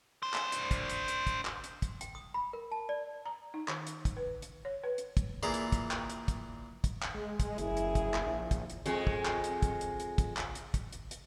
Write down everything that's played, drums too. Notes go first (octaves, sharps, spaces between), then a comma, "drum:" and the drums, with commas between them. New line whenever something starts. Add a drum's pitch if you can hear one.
D4 C5
drum: clap
drum: hi-hat
drum: kick, hi-hat
drum: hi-hat
drum: hi-hat
drum: kick, hi-hat
drum: clap
drum: hi-hat
drum: kick, hi-hat
G5, drum: hi-hat
D#6
B5
A#4
A5
D5
A#5
D#4
D#3, drum: clap
drum: hi-hat
drum: kick, hi-hat
B4
drum: hi-hat
C#5
B4
drum: hi-hat
drum: kick, hi-hat
A#2 E3 G#4 A#5 C6
drum: hi-hat
drum: kick, hi-hat
drum: clap
drum: hi-hat
drum: kick, hi-hat
drum: kick, hi-hat
drum: clap
G#3
drum: kick, hi-hat
F#1 E4 G#4, drum: hi-hat
drum: hi-hat
drum: kick, hi-hat
drum: clap
A#1
drum: kick, hi-hat
drum: hi-hat
F2 G#3, drum: hi-hat
drum: kick
drum: clap
drum: hi-hat
drum: kick, hi-hat
drum: hi-hat
drum: hi-hat
drum: kick, hi-hat
drum: clap
drum: hi-hat
drum: kick, hi-hat
drum: hi-hat
drum: hi-hat